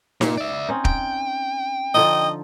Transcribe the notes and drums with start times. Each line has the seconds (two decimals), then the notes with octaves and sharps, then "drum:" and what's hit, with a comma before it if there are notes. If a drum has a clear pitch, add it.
0.21 A#2, drum: snare D#4
0.38 D5 E5
0.69 C4 C#4 D#4
0.85 G5, drum: kick
1.94 D3 F3 D#4 D#5